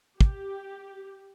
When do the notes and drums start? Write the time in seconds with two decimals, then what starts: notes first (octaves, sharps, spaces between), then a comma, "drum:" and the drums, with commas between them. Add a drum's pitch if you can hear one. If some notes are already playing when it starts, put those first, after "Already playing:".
0.21 G4, drum: kick